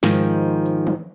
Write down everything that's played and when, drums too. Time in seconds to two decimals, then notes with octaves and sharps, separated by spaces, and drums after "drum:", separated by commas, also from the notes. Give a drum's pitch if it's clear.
0.03 G#2 D#3 F3, drum: snare
0.24 drum: hi-hat
0.66 drum: hi-hat
0.87 drum: tom